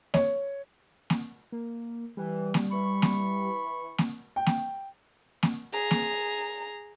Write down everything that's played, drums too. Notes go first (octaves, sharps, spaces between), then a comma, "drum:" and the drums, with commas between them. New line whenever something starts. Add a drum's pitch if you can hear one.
C#5, drum: snare A#3
drum: snare A#3
A#3
E3 G3
drum: snare A#3
E3 B5 C#6
drum: snare A#3
drum: snare A#3
G5
drum: snare A#3
drum: snare A#3
G#4 A#5
drum: snare A#3